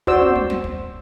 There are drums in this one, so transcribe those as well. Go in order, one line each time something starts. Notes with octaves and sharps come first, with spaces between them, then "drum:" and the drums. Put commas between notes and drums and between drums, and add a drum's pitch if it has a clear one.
F#4 C5 D5 E6, drum: kick
drum: tom
drum: kick
drum: snare
drum: kick